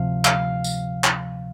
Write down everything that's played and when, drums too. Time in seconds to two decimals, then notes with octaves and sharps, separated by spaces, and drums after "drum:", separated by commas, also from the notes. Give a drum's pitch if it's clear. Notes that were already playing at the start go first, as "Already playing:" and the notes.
Already playing: D2 C3 F3 F5
0.25 F5, drum: clap
0.64 drum: tambourine
1.04 drum: clap